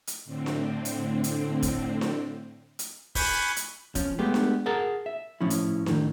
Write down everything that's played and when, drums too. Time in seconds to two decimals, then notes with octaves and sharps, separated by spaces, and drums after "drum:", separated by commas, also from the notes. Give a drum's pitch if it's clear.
0.07 drum: hi-hat
0.25 A2 D3 C4
0.46 drum: snare D4
0.85 drum: hi-hat
1.24 drum: hi-hat
1.62 drum: kick, hi-hat
2.01 drum: snare D4
2.79 drum: hi-hat
3.15 G#5 B5 C#6 F#6 G6, drum: kick, open hi-hat
3.56 drum: hi-hat
3.95 F3 C#4, drum: kick, hi-hat
4.19 G#3 A3 B3 G4
4.34 drum: snare D4
4.66 G#4 A#4 F#5 A5 A#5
5.06 E5
5.41 A2 F3 C#4 E4
5.50 drum: hi-hat
5.86 A2 D#3, drum: snare D4